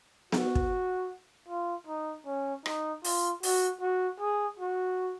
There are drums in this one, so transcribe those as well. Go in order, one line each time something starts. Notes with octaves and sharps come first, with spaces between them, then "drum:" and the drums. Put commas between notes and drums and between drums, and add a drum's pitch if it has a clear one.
F#4, drum: snare B3
drum: kick
F4
D#4
C#4
D#4, drum: rim click
F4, drum: open hi-hat
F#4, drum: open hi-hat
F#4
G#4
F#4